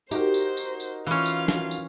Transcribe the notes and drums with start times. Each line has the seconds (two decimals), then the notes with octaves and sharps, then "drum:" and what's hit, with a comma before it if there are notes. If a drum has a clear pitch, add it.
0.11 D#4 F#4 G4 A#4 C5, drum: tambourine
0.34 drum: tambourine
0.57 drum: tambourine
0.80 drum: tambourine
1.07 E3 C#4 F4 F5
1.26 drum: tambourine
1.48 drum: snare
1.71 drum: tambourine